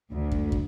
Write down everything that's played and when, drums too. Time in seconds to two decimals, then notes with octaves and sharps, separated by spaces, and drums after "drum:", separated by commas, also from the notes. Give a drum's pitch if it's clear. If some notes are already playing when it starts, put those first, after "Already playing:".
0.11 D2
0.32 drum: kick
0.52 drum: kick